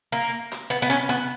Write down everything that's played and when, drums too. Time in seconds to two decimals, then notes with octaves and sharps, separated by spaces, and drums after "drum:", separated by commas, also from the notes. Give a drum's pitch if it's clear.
0.12 A#3
0.52 drum: hi-hat
0.70 B3
0.82 B3
0.90 C#4, drum: hi-hat
1.09 B3